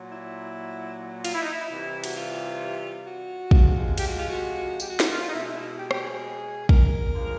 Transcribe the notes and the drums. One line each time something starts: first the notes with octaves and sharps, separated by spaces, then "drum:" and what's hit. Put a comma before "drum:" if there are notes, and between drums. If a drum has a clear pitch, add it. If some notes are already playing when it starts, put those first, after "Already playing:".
Already playing: A#2 F#3
E4
F4, drum: cymbal
E4
D#4
E4
C3 E3 G3
F#4, drum: cymbal
F4
F#4
C3 F3 G#3, drum: kick
G4, drum: cymbal
F#4
F4
F#4
G4, drum: tambourine
F#4
drum: snare
F4
D#4
B2 G#3 E4
D#4
E4
G4
G4, drum: rim click
G#4
A#4, drum: kick
D3 F3 G#3